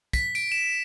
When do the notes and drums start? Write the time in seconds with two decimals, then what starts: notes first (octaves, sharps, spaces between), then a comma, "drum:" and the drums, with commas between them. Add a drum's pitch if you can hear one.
0.13 B6, drum: kick, tambourine
0.35 D7, drum: tambourine
0.52 E7